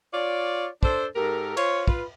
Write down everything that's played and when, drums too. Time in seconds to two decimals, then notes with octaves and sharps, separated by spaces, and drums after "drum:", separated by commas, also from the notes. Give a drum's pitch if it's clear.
0.14 F4 C#5 D5
0.83 D4 A4 C5, drum: kick
1.16 G#2 G4 A4 A#4
1.57 F4 C5 C#5, drum: cymbal
1.88 F4 B4, drum: kick